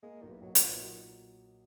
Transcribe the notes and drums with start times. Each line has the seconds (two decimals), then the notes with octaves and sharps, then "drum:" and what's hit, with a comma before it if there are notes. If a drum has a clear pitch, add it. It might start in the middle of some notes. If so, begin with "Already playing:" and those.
0.03 G#3 A#3
0.22 B1 D#3
0.31 E3
0.41 B1 F#3
0.55 F#3, drum: hi-hat
0.61 A#2
0.68 E3
0.81 D#3 F#3